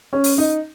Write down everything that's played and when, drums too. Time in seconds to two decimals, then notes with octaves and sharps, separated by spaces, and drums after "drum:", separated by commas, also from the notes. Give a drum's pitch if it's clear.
0.13 C#4
0.24 drum: open hi-hat
0.38 D#4